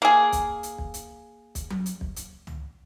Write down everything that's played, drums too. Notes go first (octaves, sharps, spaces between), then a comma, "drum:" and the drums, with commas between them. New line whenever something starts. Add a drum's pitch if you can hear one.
A#3 G#4
drum: kick, hi-hat
drum: hi-hat
drum: kick
drum: hi-hat
drum: kick, hi-hat
drum: tom F#3
drum: hi-hat
drum: kick
drum: hi-hat
drum: tom